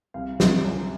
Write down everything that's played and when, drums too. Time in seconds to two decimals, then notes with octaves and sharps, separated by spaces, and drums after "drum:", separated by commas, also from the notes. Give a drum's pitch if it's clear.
0.14 C2 F5
0.40 C2, drum: snare
0.65 F#2